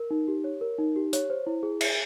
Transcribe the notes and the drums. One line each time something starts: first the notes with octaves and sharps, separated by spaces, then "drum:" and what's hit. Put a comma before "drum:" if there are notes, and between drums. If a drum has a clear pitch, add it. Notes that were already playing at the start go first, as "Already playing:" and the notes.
Already playing: A#4
D#4
G4
C#5
A#4
D#4
G4
C#5, drum: hi-hat
C5
E4
G#4
E5, drum: cymbal